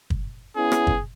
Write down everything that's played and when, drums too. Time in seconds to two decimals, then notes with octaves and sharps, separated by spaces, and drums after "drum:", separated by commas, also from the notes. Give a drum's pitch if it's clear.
0.10 drum: kick
0.56 B3 C#4 E4 G#4
0.72 drum: rim click
0.87 drum: kick